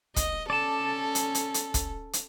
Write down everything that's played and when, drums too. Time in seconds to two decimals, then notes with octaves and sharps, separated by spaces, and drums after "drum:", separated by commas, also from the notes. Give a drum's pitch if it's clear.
0.16 D#5, drum: kick, hi-hat
0.50 C#4 A4 D5 A5
1.15 drum: hi-hat
1.35 drum: hi-hat
1.54 drum: hi-hat
1.74 drum: kick, hi-hat
2.13 drum: hi-hat